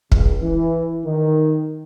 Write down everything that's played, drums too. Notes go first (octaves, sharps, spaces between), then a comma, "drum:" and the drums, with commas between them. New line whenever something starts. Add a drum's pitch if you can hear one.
C#2, drum: kick
E3
D#3